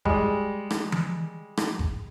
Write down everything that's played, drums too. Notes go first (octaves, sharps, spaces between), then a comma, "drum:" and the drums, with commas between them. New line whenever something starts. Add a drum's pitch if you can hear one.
G3 G#3, drum: kick F#1
drum: rim click
drum: tom E3
drum: rim click
drum: kick F#1